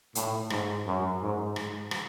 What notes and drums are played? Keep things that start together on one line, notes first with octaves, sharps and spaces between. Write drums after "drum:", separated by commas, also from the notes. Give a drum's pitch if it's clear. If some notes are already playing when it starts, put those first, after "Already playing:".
A2, drum: hi-hat
G#2, drum: rim click
F#2
G#2
G#2, drum: rim click
drum: rim click